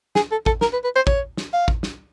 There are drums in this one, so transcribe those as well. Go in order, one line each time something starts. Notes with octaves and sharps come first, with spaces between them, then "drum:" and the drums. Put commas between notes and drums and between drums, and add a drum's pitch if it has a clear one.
G#4, drum: snare
A4
A4, drum: kick
A#4, drum: snare
B4
B4
C5
C#5, drum: kick
drum: snare
F5
drum: kick
drum: snare